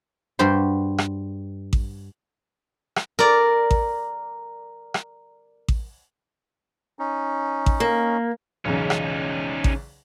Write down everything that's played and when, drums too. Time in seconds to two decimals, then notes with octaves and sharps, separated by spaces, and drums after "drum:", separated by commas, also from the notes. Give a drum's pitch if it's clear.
0.39 G2 F#4 G4 C5 C6
0.98 drum: rim click
1.73 drum: kick A1
2.96 drum: rim click
3.19 A#4 D5
3.71 drum: kick A1
4.94 drum: rim click
5.68 drum: kick A1
6.99 C#4 D#4
7.66 drum: kick A1
7.80 A#3
8.65 B1 E2 C#3 C#4 D#4
8.90 drum: rim click
9.64 drum: kick A1